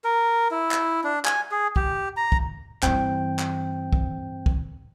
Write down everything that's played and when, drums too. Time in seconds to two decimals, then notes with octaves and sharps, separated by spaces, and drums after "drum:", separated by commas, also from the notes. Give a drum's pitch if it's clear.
0.04 A#4
0.51 E4
0.71 drum: clap
1.04 D4
1.25 G#5, drum: clap
1.51 G#4
1.76 G4, drum: kick
2.17 A#5
2.32 drum: kick
2.83 G2 E3 C4 G5, drum: clap
3.39 drum: clap
3.93 drum: kick
4.46 drum: kick